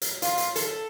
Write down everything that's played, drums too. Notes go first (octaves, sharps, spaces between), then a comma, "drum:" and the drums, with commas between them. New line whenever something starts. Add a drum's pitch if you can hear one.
drum: hi-hat
F4, drum: hi-hat
drum: hi-hat
A4, drum: hi-hat